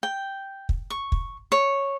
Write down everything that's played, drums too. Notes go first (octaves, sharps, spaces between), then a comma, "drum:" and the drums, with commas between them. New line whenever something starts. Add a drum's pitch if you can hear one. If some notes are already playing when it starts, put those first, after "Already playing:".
G5
drum: kick
C#6
drum: kick
C#5